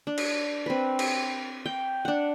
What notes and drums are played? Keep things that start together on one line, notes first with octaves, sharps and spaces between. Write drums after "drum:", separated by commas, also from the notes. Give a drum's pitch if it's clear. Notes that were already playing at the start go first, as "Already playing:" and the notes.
D4
drum: cymbal
C4 B4
drum: cymbal
G5
D4 F#5